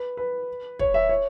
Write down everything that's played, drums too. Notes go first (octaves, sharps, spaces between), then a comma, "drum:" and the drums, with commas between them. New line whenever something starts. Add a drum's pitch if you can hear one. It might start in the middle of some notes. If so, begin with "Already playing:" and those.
Already playing: B4
B4
C#5, drum: kick
E5
C#5